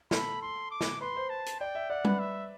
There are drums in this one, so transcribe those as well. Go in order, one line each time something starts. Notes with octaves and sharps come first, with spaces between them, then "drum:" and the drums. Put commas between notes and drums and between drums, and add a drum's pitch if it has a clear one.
A4 B5, drum: snare
C6
D6
drum: snare
B4 C6
C5
A5
drum: hi-hat
D5 G5
E5
D5 F#5
B4, drum: tom G3
E5